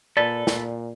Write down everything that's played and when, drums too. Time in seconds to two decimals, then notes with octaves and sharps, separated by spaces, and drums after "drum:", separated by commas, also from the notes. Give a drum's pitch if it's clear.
0.17 A#2 A4 B4 D5
0.47 A#2, drum: snare